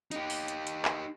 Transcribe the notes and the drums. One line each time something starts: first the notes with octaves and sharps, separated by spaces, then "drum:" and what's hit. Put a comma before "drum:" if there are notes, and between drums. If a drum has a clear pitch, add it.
D#4 G4, drum: hi-hat
drum: open hi-hat
drum: hi-hat
drum: hi-hat
drum: clap